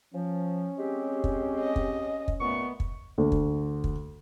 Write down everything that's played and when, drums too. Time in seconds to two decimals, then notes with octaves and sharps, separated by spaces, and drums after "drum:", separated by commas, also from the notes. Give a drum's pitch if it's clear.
0.14 F3 C#4
0.78 G#3 C4 G4
1.24 drum: kick
1.60 D#5
1.76 drum: kick
2.28 drum: kick
2.41 A#2 A3 B3 C#6
2.80 drum: kick
3.18 D2
3.32 drum: kick
3.84 drum: kick